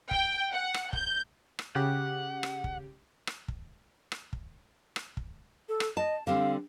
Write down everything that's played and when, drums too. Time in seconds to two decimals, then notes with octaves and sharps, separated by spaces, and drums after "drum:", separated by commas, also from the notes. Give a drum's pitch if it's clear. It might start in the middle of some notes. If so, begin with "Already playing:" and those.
0.11 G5, drum: kick
0.51 F#5
0.74 drum: rim click
0.93 G6, drum: kick
1.59 drum: rim click
1.75 C#3 G4 F#5
2.43 drum: rim click
2.64 drum: kick
3.27 drum: rim click
3.48 drum: kick
4.12 drum: rim click
4.33 drum: kick
4.96 drum: rim click
5.17 drum: kick
5.69 A4
5.80 drum: rim click
5.97 D#5 A5
6.27 D3 G3 C4 F5